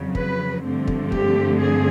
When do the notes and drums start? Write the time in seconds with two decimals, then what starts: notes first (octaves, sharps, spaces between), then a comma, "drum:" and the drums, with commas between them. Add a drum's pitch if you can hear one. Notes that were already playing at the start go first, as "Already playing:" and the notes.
Already playing: F2 C#3 F#3
0.15 B4, drum: kick
0.63 G2 D3 F3 A3 C4
0.88 drum: kick
1.12 G4, drum: kick
1.60 G#4